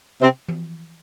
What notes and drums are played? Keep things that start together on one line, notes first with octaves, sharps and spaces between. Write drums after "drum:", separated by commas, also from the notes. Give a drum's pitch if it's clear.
C3 C4
drum: tom E3